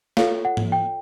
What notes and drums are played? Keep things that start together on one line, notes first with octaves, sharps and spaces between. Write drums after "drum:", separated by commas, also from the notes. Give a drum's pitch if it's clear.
F4 A4 C#5 F5, drum: snare
F#5
drum: tom
G5